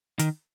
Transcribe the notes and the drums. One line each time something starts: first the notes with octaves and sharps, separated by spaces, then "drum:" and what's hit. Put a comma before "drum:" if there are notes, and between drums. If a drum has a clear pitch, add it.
D#3, drum: hi-hat